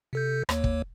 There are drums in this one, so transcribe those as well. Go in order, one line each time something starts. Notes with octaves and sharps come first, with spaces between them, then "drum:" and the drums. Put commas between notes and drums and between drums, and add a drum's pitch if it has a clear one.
C3 A4 G6
D#2 A#3 C#5, drum: rim click
drum: kick